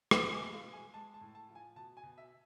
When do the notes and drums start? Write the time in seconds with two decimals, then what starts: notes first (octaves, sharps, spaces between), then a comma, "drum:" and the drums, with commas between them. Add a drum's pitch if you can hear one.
0.11 G#3 E5, drum: rim click
0.32 G#5
0.39 B2
0.52 F5
0.66 G#3
0.73 G#5
0.94 G#3 A5
1.14 A5
1.21 A2
1.35 A5
1.49 F3
1.55 G#5
1.76 B2 A5
1.97 G#5
2.03 B2
2.18 E5